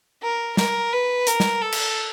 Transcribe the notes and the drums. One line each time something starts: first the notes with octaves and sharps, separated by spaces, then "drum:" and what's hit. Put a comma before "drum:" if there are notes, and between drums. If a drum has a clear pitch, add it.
A#4
A#4, drum: snare
B4
A#4, drum: hi-hat
drum: snare
A4
drum: cymbal